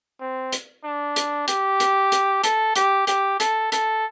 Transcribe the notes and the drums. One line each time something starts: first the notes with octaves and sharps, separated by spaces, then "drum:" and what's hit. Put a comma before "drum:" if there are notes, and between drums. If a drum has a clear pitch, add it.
C4
drum: hi-hat
D4
drum: hi-hat
G4, drum: hi-hat
drum: hi-hat
drum: hi-hat
A4, drum: hi-hat
G4, drum: hi-hat
G4, drum: hi-hat
A4, drum: hi-hat
A4, drum: hi-hat